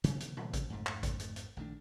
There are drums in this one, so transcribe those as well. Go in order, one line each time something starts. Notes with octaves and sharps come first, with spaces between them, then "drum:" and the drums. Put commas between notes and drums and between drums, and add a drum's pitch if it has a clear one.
C3 D#3 F3 A#3, drum: hi-hat
drum: hi-hat
drum: tom A#2
drum: kick G#1, hi-hat
F2 G#2 A3
drum: clap
drum: kick G#1, hi-hat
drum: hi-hat
drum: hi-hat
A#1 D#3 A3 D4